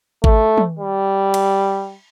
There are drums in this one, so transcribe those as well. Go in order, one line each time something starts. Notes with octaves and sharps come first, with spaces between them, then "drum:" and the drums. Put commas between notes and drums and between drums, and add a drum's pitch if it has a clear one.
A3, drum: kick G#1
drum: tom
G3
drum: cymbal